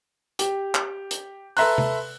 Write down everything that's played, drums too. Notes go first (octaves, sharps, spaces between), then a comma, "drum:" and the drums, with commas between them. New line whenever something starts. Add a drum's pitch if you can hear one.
G4, drum: hi-hat
drum: clap
drum: hi-hat
A4 B4 E5 A#5 C6 F#6, drum: open hi-hat
drum: tom C3